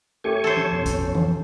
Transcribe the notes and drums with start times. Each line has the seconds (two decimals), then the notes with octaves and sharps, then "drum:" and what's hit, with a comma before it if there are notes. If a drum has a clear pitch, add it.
0.24 A3 G4 C#5 G#5 C#6
0.44 A4 C5
0.57 drum: tom F3
0.71 F2 B2 C#4
0.86 drum: kick, hi-hat
1.15 drum: tom E3